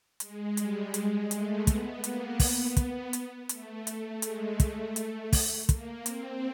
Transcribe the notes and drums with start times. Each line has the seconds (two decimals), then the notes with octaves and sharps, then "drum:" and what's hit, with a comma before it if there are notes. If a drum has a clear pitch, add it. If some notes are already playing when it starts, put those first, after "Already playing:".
0.20 G#3, drum: hi-hat
0.57 G3, drum: hi-hat
0.94 G#3, drum: hi-hat
1.31 A3, drum: hi-hat
1.67 B3, drum: kick, hi-hat
2.04 A#3, drum: hi-hat
2.40 B3, drum: kick, open hi-hat
2.77 drum: kick, hi-hat
3.13 drum: hi-hat
3.49 A3, drum: hi-hat
3.87 A3, drum: hi-hat
4.22 G#3, drum: hi-hat
4.60 A3, drum: kick, hi-hat
4.96 drum: hi-hat
5.33 drum: kick, open hi-hat
5.69 A#3, drum: kick, hi-hat
6.06 C4, drum: hi-hat